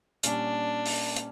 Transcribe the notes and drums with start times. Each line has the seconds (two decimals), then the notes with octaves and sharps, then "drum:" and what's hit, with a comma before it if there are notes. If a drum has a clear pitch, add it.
0.23 A#2 G3 C#4 D4, drum: hi-hat
0.85 drum: open hi-hat
1.16 drum: hi-hat